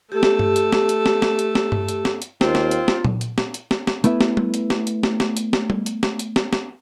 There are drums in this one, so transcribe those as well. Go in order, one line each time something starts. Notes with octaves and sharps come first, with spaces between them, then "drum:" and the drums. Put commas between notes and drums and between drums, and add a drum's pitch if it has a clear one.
A3 G4 A4
drum: snare
drum: tom G2
drum: hi-hat
drum: snare
drum: hi-hat
drum: snare
drum: snare
drum: hi-hat
drum: snare
drum: tom G2
drum: hi-hat
drum: snare
drum: hi-hat
D#2 C4 F4, drum: snare
drum: snare
drum: hi-hat
drum: snare
drum: tom A#2
drum: hi-hat
drum: snare
drum: hi-hat
drum: snare
drum: snare
A3 B3 E4 B4 E5, drum: hi-hat
drum: snare
drum: tom G3
drum: hi-hat
drum: snare
drum: hi-hat
drum: snare
drum: snare
drum: hi-hat
drum: snare
drum: tom G3
drum: hi-hat
drum: snare
drum: hi-hat
drum: snare
drum: snare